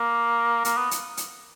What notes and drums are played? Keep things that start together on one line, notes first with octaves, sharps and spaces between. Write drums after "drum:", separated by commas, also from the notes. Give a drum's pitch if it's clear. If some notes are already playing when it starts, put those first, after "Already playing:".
Already playing: A#3
A#3, drum: hi-hat
B3
drum: hi-hat
drum: hi-hat